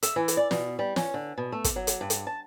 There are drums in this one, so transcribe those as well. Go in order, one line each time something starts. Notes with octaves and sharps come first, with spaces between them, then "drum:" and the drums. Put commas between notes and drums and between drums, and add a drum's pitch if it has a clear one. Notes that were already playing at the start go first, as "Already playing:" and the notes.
E5, drum: hi-hat
E3
drum: hi-hat
D5
B2, drum: snare
G3
C#4, drum: snare
D3
B2
A3
drum: kick, hi-hat
F#3
drum: hi-hat
G2
drum: hi-hat
A5